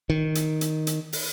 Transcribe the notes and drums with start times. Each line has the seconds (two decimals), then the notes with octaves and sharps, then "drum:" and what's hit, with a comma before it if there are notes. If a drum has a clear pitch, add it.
0.10 D#3
0.35 drum: hi-hat
0.61 drum: hi-hat
0.87 drum: hi-hat
1.13 drum: open hi-hat